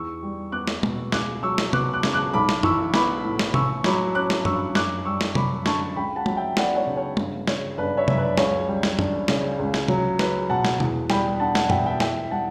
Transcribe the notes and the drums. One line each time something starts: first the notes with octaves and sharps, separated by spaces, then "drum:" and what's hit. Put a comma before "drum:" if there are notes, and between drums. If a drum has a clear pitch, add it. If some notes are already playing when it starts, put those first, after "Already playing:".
Already playing: E2 C#6 E6
G3
B3 D6 F#6
drum: snare
B2, drum: tom G#3
C#2 D6 F#6, drum: snare
F#3 C#6 E6
drum: snare
B3 D6 F#6, drum: tom C3
D6 F#6
C#3, drum: snare
D6 F#6
B1 B5 D6
drum: snare
E3 C#6 E6, drum: tom
B3 B5 D6, drum: snare
A2
drum: snare
A1 C#6 E6, drum: tom C3
F#3 B5 D6, drum: snare
C#4 D6 F#6
drum: snare
G2 C#6 E6, drum: tom
F#2 D6 F#6, drum: snare
G3 C#6 E6
drum: snare
F#2 B5 D6, drum: tom C3
D3 A5 C#6, drum: snare
C#2 G5 B5
F#5 A5
F#3, drum: tom G#3
E5 G5
B3 D5 F#5, drum: snare
C#5
C#3
C#5
G1, drum: tom G#3
C#3 C#5, drum: snare
G1 B4 D5
C#5 E5
F#2 E5, drum: tom C3
B4 D5
C#2 C#5, drum: snare
G3
drum: snare
D4, drum: tom
C#3, drum: snare
C#2
drum: snare
F#3, drum: tom C3
C#4 B4, drum: snare
B2 F#5 A5
drum: snare
E2, drum: tom B2
G3 G5 B5, drum: snare
D4 F#5 A5
F#5 A5, drum: snare
B2 E5 G5, drum: tom
E5 G5
E2 E5 G5, drum: snare
G3 F#5 A5